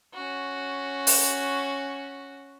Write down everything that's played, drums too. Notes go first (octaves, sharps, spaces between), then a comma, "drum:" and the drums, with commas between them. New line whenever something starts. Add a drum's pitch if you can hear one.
C#4 F#4
drum: open hi-hat